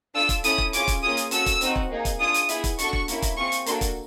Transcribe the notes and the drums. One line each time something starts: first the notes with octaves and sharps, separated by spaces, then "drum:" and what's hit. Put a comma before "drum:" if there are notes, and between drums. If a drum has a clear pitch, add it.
D4 F4 A4 E6
drum: kick, hi-hat
C#4 E4 A4 D#6, drum: hi-hat
drum: kick
C#4 F4 G#4 D6, drum: hi-hat
drum: kick, hi-hat
A#3 C#4 F4 G#4 D#6
drum: hi-hat
C#4 F#4 A4 E6, drum: hi-hat
drum: kick, hi-hat
C4 D#4 F#4, drum: hi-hat
drum: kick
A#3 D#4 G#4
drum: kick, hi-hat
D4 F4 G#4 D#6
drum: hi-hat
B3 E4 G#4, drum: hi-hat
drum: kick, hi-hat
D4 F#4 A4 C#6, drum: hi-hat
drum: kick
A#3 C#4 E4, drum: hi-hat
drum: kick, hi-hat
C4 F4 G#4 C#6
drum: hi-hat
A#3 D4 F#4 A4 C6, drum: hi-hat
drum: kick, hi-hat